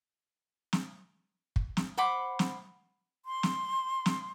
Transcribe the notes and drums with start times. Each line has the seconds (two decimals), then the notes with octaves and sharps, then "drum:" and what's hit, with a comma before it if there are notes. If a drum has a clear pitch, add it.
0.73 drum: snare
1.56 drum: kick
1.77 drum: snare
1.97 C5 F#5 B5 D6
2.39 drum: snare
3.25 C6
3.43 drum: snare
4.06 drum: snare